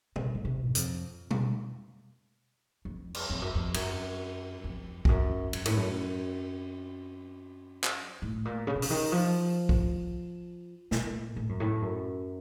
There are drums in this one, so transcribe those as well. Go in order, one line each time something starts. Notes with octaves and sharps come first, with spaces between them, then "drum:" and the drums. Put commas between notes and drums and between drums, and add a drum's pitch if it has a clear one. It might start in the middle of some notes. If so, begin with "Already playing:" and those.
C#3, drum: tom B2
A#2
C3
F#2
F2, drum: hi-hat
drum: tom B2
F2
drum: cymbal
F2
F#2
F2
F#2, drum: cymbal
F2
F2, drum: kick B1
F#2
F#2, drum: cymbal
A2, drum: cymbal
F#2
drum: clap
A2
A#2
C#3
C3
C#3, drum: open hi-hat
D#3
F3
drum: kick B1
A#2, drum: snare
A2
F#2
A2
F#2